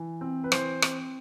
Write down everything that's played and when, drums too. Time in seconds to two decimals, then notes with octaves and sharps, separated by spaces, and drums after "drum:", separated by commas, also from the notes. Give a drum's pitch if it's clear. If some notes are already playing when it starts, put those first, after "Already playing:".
Already playing: E3
0.21 C4
0.44 B4
0.52 E3 C5, drum: rim click
0.82 C4, drum: rim click